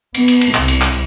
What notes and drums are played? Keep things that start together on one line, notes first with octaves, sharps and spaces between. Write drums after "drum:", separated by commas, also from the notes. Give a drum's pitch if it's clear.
B3, drum: cymbal
drum: cymbal
drum: cymbal
C2, drum: clap
drum: cymbal
drum: clap